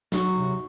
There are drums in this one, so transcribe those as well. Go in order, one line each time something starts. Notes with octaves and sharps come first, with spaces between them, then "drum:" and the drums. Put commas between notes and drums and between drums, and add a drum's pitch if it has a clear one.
F#3 F#4, drum: snare
C3